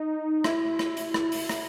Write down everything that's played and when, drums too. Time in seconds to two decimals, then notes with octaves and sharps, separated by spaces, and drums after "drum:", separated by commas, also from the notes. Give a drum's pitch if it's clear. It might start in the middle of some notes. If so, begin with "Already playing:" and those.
Already playing: D#4
0.44 E4, drum: rim click
0.79 drum: rim click
0.97 drum: hi-hat
1.14 drum: rim click
1.32 drum: open hi-hat
1.49 drum: rim click